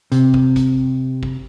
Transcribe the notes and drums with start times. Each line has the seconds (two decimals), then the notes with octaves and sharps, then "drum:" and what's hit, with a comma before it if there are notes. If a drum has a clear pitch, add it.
0.12 C3, drum: hi-hat
0.34 drum: kick
0.56 drum: kick, hi-hat
1.23 drum: kick